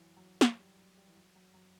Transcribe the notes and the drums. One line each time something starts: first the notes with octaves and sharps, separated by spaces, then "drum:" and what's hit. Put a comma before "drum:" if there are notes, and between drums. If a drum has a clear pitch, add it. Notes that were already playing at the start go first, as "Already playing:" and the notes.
Already playing: E3 F#3
F#3
drum: snare
G3
F#3
G3
E3
F#3
F#3
F#3